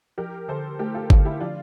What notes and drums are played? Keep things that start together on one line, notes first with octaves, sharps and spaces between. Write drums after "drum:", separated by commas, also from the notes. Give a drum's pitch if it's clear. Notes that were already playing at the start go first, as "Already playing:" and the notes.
F3 G4 A#4
D3 A4 C5
A3 G4 A#4
F4 A4
D3 F4 A4, drum: kick G1
E4 G4
F3 D4 F4